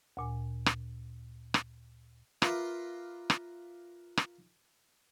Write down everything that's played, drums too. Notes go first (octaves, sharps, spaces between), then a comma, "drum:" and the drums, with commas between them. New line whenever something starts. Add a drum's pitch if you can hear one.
D2 A#2 G#5
drum: rim click
drum: rim click
F4 A#4 B4 E5 C6 D6, drum: rim click
drum: rim click
drum: rim click